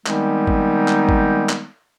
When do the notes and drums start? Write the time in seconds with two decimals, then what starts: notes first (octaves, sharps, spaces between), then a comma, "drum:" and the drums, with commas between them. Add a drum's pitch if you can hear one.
0.07 D#3 G3 G#3 B3 C4 D#4, drum: clap
0.47 drum: kick
0.88 drum: clap
1.09 drum: kick
1.49 drum: clap